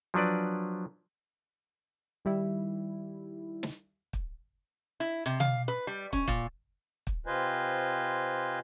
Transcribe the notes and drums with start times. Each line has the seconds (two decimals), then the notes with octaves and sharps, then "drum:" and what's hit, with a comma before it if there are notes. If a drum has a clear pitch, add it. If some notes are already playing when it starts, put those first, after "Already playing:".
0.14 F3 F#3 D4 B4 D5
2.25 D#3 G3 E4
3.63 drum: snare
4.13 drum: kick
5.00 E4
5.26 C3
5.40 F5, drum: tom
5.68 B4
5.87 G3
6.13 C#4, drum: kick
6.28 A#2, drum: kick
7.07 drum: kick
7.26 C3 F4 B4 C5 D#5 G#5